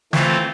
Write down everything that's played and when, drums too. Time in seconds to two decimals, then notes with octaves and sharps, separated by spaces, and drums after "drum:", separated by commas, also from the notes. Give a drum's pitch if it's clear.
0.13 E3 A3 C4 F4, drum: snare